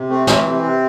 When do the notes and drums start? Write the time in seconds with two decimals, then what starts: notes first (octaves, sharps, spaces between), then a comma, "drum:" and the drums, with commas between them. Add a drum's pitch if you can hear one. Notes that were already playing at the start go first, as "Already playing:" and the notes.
Already playing: C3
0.09 A3 C4
0.27 E3 C4, drum: snare
0.46 C3
0.63 C3